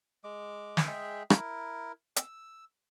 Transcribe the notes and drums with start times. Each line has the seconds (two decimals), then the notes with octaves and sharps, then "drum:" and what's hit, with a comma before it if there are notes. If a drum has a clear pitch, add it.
0.24 G#3 D6
0.77 drum: snare
0.86 G#3 G#4 E5 G5
1.30 E4 A#4, drum: rim click
2.16 E6, drum: hi-hat